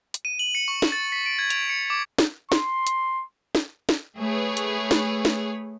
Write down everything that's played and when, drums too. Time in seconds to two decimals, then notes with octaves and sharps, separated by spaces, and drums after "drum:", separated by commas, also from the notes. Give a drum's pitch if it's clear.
0.14 drum: hi-hat
0.25 D#7
0.39 F#7
0.55 C#7
0.68 C#6
0.82 drum: snare
0.92 A6
1.12 B6
1.26 D7
1.39 G#6
1.50 F7, drum: hi-hat
1.70 C#7
1.90 D6
2.18 drum: snare
2.52 C6, drum: snare
2.87 drum: hi-hat
3.55 drum: snare
3.89 drum: snare
4.19 A3 G#4 B4 C#5
4.57 drum: hi-hat
4.91 drum: snare
5.25 drum: snare